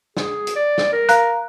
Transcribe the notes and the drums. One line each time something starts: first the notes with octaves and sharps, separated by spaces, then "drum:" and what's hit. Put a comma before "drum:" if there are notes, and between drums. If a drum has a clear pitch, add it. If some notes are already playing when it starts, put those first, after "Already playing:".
G#4, drum: snare
drum: hi-hat
D5
drum: snare
A#4
F5 A#5 F#6, drum: hi-hat